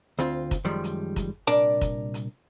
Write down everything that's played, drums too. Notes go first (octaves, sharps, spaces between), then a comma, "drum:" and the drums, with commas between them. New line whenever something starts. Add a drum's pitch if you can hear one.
D2 C4 F4, drum: hi-hat
drum: kick, hi-hat
F#2 D#3 F3 G3 G#3
drum: hi-hat
drum: kick, hi-hat
C2 A#2 D4 A#4 D5 A5, drum: hi-hat
drum: kick, hi-hat
drum: hi-hat